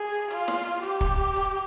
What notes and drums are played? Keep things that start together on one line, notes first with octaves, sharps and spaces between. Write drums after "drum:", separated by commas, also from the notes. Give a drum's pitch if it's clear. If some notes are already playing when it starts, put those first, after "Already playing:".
Already playing: G#4
F4, drum: hi-hat
drum: snare
drum: hi-hat
G4, drum: hi-hat
drum: kick, hi-hat
drum: hi-hat